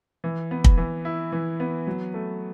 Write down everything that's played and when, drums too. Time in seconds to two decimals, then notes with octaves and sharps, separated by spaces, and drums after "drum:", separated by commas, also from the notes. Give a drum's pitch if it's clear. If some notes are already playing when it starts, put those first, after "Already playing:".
0.24 E3
0.51 B3
0.64 drum: kick
0.78 E3
1.05 E4
1.32 E3
1.60 B3
1.87 F#3
2.14 A3